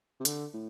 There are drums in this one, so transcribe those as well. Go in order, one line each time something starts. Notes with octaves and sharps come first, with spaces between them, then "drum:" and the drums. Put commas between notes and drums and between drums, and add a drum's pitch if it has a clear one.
C3
D3, drum: hi-hat
A2